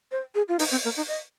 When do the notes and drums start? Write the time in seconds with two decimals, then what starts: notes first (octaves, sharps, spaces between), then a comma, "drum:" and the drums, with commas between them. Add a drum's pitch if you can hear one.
0.11 C5
0.35 G#4
0.48 F4
0.59 D#4, drum: open hi-hat
0.71 C4
0.84 A#3
0.97 D#4
1.08 D#5